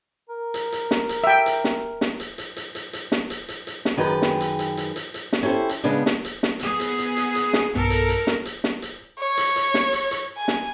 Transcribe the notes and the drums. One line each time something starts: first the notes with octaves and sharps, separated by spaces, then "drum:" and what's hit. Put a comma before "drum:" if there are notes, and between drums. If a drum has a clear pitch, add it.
A#4
drum: hi-hat
drum: hi-hat
drum: snare
drum: hi-hat
E5 G5
drum: hi-hat
drum: snare
drum: snare
drum: hi-hat
drum: hi-hat
drum: hi-hat
drum: hi-hat
drum: hi-hat
drum: snare
drum: hi-hat
drum: hi-hat
drum: hi-hat
drum: snare
F#2 D#3 G#4 B4 G5 A5
drum: snare
drum: hi-hat
drum: hi-hat
drum: hi-hat
drum: hi-hat
drum: hi-hat
drum: snare
C#4 E4 G4 A4 C5
drum: hi-hat
C#3 G#3 B3 C#4 D4
drum: snare
drum: hi-hat
drum: snare
B3 G#4, drum: hi-hat
drum: hi-hat
drum: hi-hat
drum: hi-hat
drum: hi-hat
drum: snare
B1 G2 B3 A4 A#4
drum: hi-hat
drum: hi-hat
drum: snare
drum: hi-hat
drum: snare
drum: hi-hat
C#5
drum: hi-hat
drum: hi-hat
drum: snare
drum: hi-hat
drum: hi-hat
G#5
drum: snare